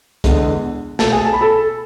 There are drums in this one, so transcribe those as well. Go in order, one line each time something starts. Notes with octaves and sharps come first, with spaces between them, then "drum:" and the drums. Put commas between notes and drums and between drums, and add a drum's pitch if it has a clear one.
E2 D3 G#3, drum: kick C2, hi-hat
B2 A3 A4 A5, drum: snare
G#4 G#5
A5
B5
A4 A5